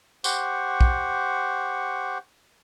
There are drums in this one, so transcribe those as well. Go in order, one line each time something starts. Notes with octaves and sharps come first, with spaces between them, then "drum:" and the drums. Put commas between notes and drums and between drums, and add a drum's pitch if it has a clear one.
G4 C5 F#5 C#6, drum: tambourine
drum: kick